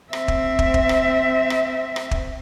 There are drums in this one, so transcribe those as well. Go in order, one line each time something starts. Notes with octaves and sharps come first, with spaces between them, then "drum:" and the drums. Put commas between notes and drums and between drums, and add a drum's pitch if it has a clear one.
C4 E5, drum: rim click
drum: kick
drum: kick
drum: kick
drum: rim click
drum: rim click
drum: rim click
drum: kick